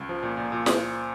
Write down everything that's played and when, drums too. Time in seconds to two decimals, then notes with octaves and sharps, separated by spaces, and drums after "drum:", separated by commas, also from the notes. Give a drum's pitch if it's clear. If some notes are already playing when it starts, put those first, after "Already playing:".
Already playing: C#2
0.09 F3
0.23 A#2
0.37 A#2
0.52 A#2
0.66 drum: snare